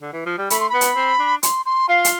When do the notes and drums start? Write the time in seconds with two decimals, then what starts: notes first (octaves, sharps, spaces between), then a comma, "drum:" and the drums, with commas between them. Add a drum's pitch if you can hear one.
0.01 D3
0.13 E3
0.26 F3
0.38 G3
0.50 A3 B5, drum: hi-hat
0.60 C6
0.70 B3 B5
0.81 drum: hi-hat
0.96 C4
1.19 D4
1.43 C6, drum: hi-hat
1.66 C6
1.89 F4 F5
2.05 drum: hi-hat